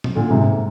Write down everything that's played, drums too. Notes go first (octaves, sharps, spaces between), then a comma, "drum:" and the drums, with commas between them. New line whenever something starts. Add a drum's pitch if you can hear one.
drum: tom A#2
A#2 D3
G#2 C3